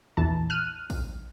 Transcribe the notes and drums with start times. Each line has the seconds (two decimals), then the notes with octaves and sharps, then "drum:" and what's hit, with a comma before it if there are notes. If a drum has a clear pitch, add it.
0.17 A#1 E2 E3 A5
0.50 F6 F#6 D#7
0.90 drum: kick A#1, open hi-hat